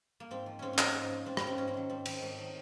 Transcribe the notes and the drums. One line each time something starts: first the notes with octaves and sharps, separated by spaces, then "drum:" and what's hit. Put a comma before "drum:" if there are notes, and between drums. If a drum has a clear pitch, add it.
A#3
G#2 C4
F3
G#2 C4 C#4
C#4
F3, drum: clap
D#4
G#2
F3
G#2 C4
F3 C#4, drum: rim click
C4
G#2 C#4
C4
D#3 F#3
G#2 C4
D#3 F#3, drum: cymbal
G#2
D#3 F#3